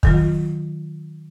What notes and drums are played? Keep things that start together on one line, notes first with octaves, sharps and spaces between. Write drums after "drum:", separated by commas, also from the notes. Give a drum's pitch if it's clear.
D#3 F#3 F4, drum: kick